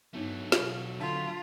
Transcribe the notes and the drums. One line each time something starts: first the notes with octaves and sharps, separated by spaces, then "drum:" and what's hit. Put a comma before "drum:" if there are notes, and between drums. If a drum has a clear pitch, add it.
G2 F#3 A3 B3 D4 D#4
B2 F5, drum: snare
D3 D4 F4 A5 B6